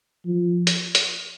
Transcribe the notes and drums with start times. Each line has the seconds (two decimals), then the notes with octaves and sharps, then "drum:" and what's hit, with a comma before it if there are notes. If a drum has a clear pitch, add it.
0.25 F3
0.67 drum: hi-hat
0.95 drum: hi-hat